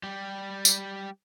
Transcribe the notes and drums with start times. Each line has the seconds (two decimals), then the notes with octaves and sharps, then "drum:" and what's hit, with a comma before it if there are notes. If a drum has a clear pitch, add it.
0.03 G3 G4
0.65 drum: tambourine